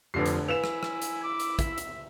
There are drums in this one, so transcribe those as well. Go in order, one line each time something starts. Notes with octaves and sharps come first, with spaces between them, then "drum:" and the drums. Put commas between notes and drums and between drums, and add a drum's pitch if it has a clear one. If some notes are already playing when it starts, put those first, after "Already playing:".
F1 F2 D3 G4 B4 C7
drum: hi-hat
E4 B4 F5 G#5 E7 F7
drum: rim click
drum: rim click
drum: hi-hat
D6
drum: hi-hat
E5, drum: kick, hi-hat
drum: hi-hat